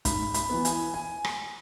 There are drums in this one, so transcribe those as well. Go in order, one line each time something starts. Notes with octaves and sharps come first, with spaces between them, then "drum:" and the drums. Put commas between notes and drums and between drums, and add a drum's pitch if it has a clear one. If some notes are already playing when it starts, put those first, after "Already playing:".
G#2 B5, drum: kick, hi-hat
B5, drum: hi-hat
E3 B3
G#5, drum: hi-hat
G#5
drum: rim click